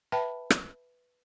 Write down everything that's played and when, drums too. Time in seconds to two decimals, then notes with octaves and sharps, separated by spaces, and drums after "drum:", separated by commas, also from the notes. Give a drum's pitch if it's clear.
0.12 B4 E5 G5 A5 B5
0.50 drum: rim click